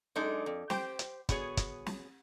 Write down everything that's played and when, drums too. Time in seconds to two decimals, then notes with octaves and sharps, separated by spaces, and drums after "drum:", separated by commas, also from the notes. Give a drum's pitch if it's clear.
0.16 F#2 G#3 D4 D#4 A4
0.46 F2
0.70 G4 C5 G5, drum: snare
0.99 drum: hi-hat
1.29 B3 F#4 G#4 C#5, drum: kick, hi-hat
1.57 drum: kick, hi-hat
1.86 drum: snare